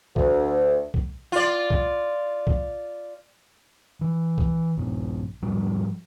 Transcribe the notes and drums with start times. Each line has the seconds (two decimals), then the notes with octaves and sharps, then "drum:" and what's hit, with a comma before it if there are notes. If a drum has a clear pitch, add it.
0.16 D2, drum: kick B1
0.94 drum: kick B1
1.32 F4 D5
1.70 drum: kick B1
2.47 drum: kick B1
4.01 E3
4.38 drum: kick B1
4.77 A#1 G2
5.42 G#2 F3 G3